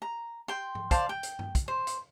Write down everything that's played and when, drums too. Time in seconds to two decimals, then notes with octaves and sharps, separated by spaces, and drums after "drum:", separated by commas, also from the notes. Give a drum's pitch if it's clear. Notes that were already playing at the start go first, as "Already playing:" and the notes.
0.02 A#5
0.48 G5 C6
0.75 drum: tom G#2
0.91 C5 D5 F5 A5, drum: kick, hi-hat
1.09 G5
1.23 drum: hi-hat
1.39 drum: tom G2
1.55 drum: kick, hi-hat
1.68 C5
1.87 drum: hi-hat